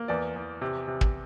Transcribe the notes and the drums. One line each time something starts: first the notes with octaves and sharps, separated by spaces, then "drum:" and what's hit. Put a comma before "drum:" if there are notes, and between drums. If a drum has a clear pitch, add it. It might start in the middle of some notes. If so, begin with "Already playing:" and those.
Already playing: A#3
E2 D5
E2
C3
C3
drum: kick